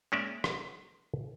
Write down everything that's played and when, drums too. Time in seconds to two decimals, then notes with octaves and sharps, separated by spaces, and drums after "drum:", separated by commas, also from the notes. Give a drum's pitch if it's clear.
0.12 G#3 A#3 C#4 A#4 D5 E5
0.44 drum: rim click